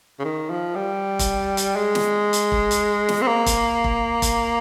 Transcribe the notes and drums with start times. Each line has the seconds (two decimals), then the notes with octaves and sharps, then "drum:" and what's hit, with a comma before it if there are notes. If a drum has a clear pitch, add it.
0.19 C#3
0.25 D#3
0.50 F3
0.76 G3
1.19 drum: kick, hi-hat
1.57 drum: hi-hat
1.76 G#3
1.95 drum: snare
2.33 drum: hi-hat
2.52 drum: kick
2.71 drum: hi-hat
3.09 drum: snare
3.22 C4
3.28 A#3
3.46 drum: kick, hi-hat
3.84 drum: kick
4.22 drum: kick, hi-hat